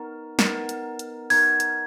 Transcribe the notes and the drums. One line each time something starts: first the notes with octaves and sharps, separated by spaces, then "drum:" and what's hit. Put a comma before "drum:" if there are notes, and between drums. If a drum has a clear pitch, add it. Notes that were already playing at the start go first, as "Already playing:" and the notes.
Already playing: B3 D#4 A#4
B3 D#4 A#4, drum: snare
drum: hi-hat
drum: hi-hat
B3 D#4 A#4 G#6, drum: open hi-hat
drum: hi-hat